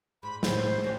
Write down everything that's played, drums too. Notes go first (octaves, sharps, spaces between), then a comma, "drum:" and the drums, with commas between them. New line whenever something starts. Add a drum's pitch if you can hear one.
G#2 B5
A2 C#3 C5, drum: snare
F#3 C#4 G4